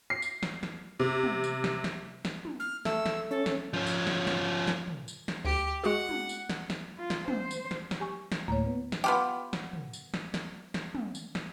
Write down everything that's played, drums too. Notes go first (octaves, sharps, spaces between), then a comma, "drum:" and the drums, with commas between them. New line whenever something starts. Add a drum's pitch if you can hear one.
C7
drum: tambourine
drum: snare
drum: snare
C3
drum: tom
drum: tambourine
drum: snare
drum: snare
drum: snare
drum: tom
F6
A3 E6, drum: snare
drum: snare
C#4 A4
drum: snare
F3 C#4
drum: tambourine
drum: snare
drum: snare
drum: snare
drum: tom
drum: tambourine
drum: snare
D2 G4
G#3 F#4 G#4 F#5
drum: tom
drum: tambourine
drum: snare
drum: snare
F4
drum: snare
C5, drum: tom
drum: tambourine
drum: snare
drum: snare
G4 G#5 C#6
drum: snare
D2 A2 A#3 C#5
B3
drum: snare
B3 F4 G4
drum: snare
drum: tom
drum: tambourine
drum: snare
drum: snare
drum: snare
drum: tom
drum: tambourine
drum: snare